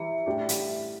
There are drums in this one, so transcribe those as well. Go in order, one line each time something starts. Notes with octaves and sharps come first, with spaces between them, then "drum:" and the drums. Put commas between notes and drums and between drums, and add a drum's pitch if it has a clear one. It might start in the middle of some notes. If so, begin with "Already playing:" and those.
Already playing: E3 G3 E4 G4 E5
A2 G3 D4 G4
drum: hi-hat